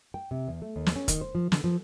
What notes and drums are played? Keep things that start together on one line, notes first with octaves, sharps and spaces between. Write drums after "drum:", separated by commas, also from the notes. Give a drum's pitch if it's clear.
G5
C3
E2
A3
D#2
drum: snare
C#4
D#3, drum: kick, hi-hat
C5
F3
D3, drum: snare
F3